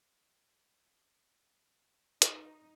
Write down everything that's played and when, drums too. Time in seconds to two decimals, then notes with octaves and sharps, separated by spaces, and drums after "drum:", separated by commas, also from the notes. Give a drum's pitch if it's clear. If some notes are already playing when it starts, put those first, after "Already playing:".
2.22 D#4, drum: hi-hat